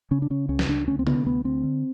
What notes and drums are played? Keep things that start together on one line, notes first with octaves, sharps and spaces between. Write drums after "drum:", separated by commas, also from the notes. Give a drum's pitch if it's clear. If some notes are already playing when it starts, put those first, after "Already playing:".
C#3 C#4
D4
C#3 C#4
C#2 C#4
drum: snare
C#2 D4
D2 C#4
C4
D3 B3, drum: tom C3
D2 B3
D2 C4
D3